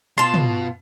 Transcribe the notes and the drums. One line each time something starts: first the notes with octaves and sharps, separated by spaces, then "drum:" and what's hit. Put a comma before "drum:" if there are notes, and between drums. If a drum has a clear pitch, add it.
B2 F4 A5 C6
drum: tom